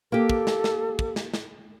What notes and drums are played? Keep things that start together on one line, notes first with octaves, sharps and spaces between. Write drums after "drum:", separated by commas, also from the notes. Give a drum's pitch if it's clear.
A#3 G4 A4
drum: kick
drum: snare
drum: snare
drum: kick
drum: snare
drum: snare